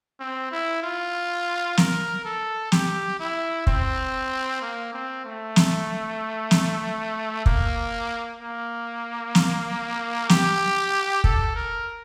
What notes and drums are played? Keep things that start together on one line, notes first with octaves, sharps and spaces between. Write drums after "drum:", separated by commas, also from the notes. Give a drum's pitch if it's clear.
C4
E4
F4
A#4, drum: snare
A4
G4, drum: snare
E4
C4, drum: kick
A#3
C4
A3
drum: snare
drum: snare
A#3, drum: kick
A#3
drum: snare
G4, drum: snare
A4, drum: kick
A#4